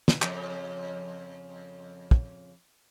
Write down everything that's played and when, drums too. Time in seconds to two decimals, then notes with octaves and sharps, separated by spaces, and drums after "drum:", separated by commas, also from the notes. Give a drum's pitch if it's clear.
0.08 drum: snare
0.22 F2 C#3, drum: clap
2.11 drum: kick